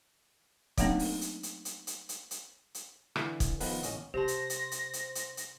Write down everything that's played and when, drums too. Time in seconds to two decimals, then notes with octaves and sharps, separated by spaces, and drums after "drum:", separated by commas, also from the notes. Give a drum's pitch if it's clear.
0.78 F#3 A3 A#3 C4 D4 D#4, drum: kick, hi-hat
0.99 drum: open hi-hat
1.21 drum: hi-hat
1.43 drum: hi-hat
1.65 drum: hi-hat
1.87 drum: hi-hat
2.09 drum: hi-hat
2.31 drum: hi-hat
2.75 drum: hi-hat
3.16 D3 E3, drum: rim click
3.40 drum: kick, hi-hat
3.60 D#3 F3 B3 B4, drum: open hi-hat
3.83 A1 C#4 D#5, drum: hi-hat
4.14 C3 G4 C5 A5 C6 A#6
4.28 drum: hi-hat
4.50 drum: hi-hat
4.72 drum: hi-hat
4.93 drum: hi-hat
5.15 drum: hi-hat
5.37 drum: hi-hat